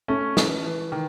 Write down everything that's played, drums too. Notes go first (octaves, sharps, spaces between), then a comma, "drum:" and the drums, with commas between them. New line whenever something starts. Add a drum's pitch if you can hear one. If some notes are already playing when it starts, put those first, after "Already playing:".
A3 C#4
E3, drum: snare
E3
D#3